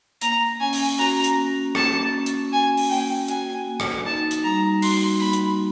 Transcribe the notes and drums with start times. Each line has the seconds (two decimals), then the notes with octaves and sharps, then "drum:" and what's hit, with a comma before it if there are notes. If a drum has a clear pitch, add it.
0.21 A#3 A#5, drum: hi-hat
0.60 C#4 G#5
0.73 drum: open hi-hat
0.98 F#4 A#5
1.24 drum: hi-hat
1.37 A#3
1.75 A#3 A5, drum: rim click
2.13 C#4
2.26 drum: hi-hat
2.52 F#4 G#5
2.77 drum: open hi-hat
2.90 A#3 G5
3.28 F#4 G#5, drum: hi-hat
3.67 A#3
3.80 drum: rim click
4.05 D#4 A5
4.31 drum: hi-hat
4.44 G3 A#5
4.82 F#4 C6, drum: open hi-hat
5.20 A#3 B5
5.33 drum: hi-hat